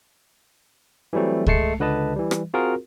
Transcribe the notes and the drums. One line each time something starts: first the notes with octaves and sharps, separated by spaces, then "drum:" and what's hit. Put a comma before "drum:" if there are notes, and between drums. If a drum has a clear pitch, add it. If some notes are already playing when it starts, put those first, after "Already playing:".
E3 F#3 G3 A3 C4
G#1 G#3 A3 A5 C7 C#7, drum: kick C#2
C#2 D3 B4 D#5 A5
E3 G3
drum: rim click
C4 F4 F#4 G#4 A#4